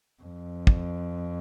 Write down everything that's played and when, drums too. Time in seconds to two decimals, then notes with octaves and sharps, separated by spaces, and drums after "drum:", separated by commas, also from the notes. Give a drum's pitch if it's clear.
0.23 F2
0.67 drum: kick